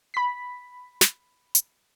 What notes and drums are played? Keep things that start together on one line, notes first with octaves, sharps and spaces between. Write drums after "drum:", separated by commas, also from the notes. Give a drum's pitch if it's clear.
B5 B6
drum: snare
drum: hi-hat